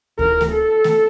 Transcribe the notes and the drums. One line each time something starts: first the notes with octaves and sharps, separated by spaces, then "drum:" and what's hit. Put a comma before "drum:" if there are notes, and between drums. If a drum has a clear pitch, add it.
A#4, drum: kick D2
drum: snare A3
A4
drum: snare A3